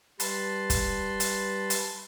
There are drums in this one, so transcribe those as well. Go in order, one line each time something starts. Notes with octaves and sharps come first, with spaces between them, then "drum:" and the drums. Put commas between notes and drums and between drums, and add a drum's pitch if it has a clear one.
G3 B4 A5 B5 C6, drum: hi-hat
drum: kick, hi-hat
drum: hi-hat
drum: hi-hat